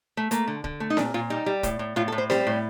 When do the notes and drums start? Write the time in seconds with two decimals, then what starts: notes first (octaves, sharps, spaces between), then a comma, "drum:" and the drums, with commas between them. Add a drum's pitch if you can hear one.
0.17 A3
0.31 A3 A#3, drum: hi-hat
0.48 D3
0.64 D3, drum: kick
0.80 A3
0.90 D#4
0.97 A#2 D4, drum: snare C4
1.14 A#2 F4
1.30 G3 D#4
1.46 G3
1.63 A2, drum: kick, hi-hat
1.79 A2
1.96 A2 F4
2.08 A4
2.12 A2
2.18 C5
2.30 G3 C5, drum: snare C4
2.47 A2